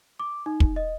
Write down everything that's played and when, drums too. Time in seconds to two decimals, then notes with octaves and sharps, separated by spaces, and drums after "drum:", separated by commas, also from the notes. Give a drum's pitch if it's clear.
0.19 D6
0.46 D#4
0.60 drum: kick
0.76 D#5